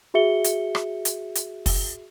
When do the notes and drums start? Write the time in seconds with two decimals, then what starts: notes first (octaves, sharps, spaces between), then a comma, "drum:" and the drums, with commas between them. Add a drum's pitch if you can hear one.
0.14 F#4 G#4 E5 C#7 G7
0.44 drum: hi-hat
0.75 drum: rim click
1.05 drum: hi-hat
1.35 drum: hi-hat
1.66 drum: kick, open hi-hat